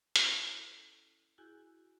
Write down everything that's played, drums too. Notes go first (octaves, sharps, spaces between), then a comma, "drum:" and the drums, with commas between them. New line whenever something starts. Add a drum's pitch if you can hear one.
C#4 E4 A4, drum: hi-hat
E4 F#4 G#4 G#5 G6